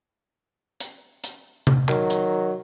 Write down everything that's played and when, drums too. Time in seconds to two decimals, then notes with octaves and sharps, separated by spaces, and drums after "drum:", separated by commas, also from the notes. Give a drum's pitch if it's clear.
0.80 drum: hi-hat
1.24 drum: hi-hat
1.67 drum: tom C3
1.88 D#3 F#3, drum: clap
2.10 drum: hi-hat